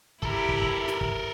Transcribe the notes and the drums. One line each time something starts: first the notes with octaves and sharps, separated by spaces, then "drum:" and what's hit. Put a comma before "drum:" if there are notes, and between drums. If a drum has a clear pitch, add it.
E4 G4 A4 A#4, drum: kick
drum: kick
drum: kick
drum: snare
drum: kick